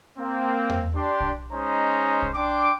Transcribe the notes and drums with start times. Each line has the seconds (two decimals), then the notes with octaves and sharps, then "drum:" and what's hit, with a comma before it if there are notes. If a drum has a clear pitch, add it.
0.18 A#3 C4
0.69 drum: tom E2
0.95 D4 G4 C6
1.20 drum: kick
1.52 G#3 C#4 D#4 C5 D#5 A#5
2.22 drum: kick
2.35 D4 G5 C6 D6